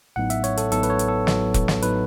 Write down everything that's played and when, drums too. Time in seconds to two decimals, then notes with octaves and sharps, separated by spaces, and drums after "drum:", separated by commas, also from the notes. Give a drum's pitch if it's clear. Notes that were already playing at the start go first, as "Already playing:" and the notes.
0.16 A1 A2 F#3 B3 D#4 F#5
0.30 E5, drum: hi-hat
0.44 C#5, drum: hi-hat
0.57 A4, drum: hi-hat
0.72 A1 A2 F#3 B3 D#4 A4, drum: hi-hat
0.83 B4, drum: hi-hat
0.90 C#5
0.99 drum: hi-hat
1.08 A4
1.27 A1 A2 F#3 B3 D#4, drum: snare
1.54 drum: kick, hi-hat
1.68 drum: snare
1.82 A2 F#3 B3 D#4 B4, drum: hi-hat